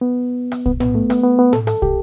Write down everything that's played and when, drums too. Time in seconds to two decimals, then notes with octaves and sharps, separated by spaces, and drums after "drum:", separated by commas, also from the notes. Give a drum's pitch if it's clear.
0.01 B3
0.52 drum: rim click
0.66 B3, drum: kick
0.80 B3, drum: tom A2
0.95 A3
1.10 B3, drum: rim click
1.23 B3
1.39 B3
1.53 A4, drum: tom A2
1.67 A4, drum: rim click
1.82 G4, drum: kick